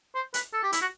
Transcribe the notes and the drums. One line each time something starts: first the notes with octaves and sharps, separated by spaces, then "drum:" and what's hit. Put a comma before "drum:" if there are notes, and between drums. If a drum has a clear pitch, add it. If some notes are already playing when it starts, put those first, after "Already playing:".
C5
B4, drum: hi-hat
A4
G4
E4, drum: hi-hat
F#4